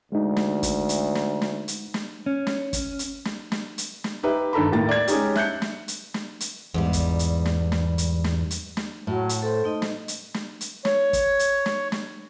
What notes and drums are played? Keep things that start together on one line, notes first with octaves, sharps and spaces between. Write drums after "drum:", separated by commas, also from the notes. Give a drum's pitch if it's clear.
D2 G#3 D#4
drum: snare
drum: kick G1, hi-hat
drum: hi-hat
drum: snare
drum: snare
drum: hi-hat
drum: snare
C#4
drum: snare
drum: kick G1, hi-hat
drum: hi-hat
drum: snare
drum: snare
drum: hi-hat
drum: snare
D#4 G4 B4 E5
G2 D#3 A4 A#5 B5
D#2 A2 A#3 A6
D5 G#6
G#3 C#4 D#4 G4, drum: hi-hat
E5 F#6 G6 C#7, drum: snare
drum: snare
drum: hi-hat
drum: snare
drum: hi-hat
E2 G#2 G3
drum: kick G1, hi-hat
drum: hi-hat
drum: snare
drum: snare
drum: hi-hat
drum: snare
drum: hi-hat
drum: snare
A2 F#3
drum: hi-hat
A4 C5
A3 D#4 D#5
drum: snare
drum: hi-hat
drum: snare
drum: hi-hat
C#5, drum: snare
drum: kick G1, hi-hat
drum: hi-hat
drum: snare
drum: snare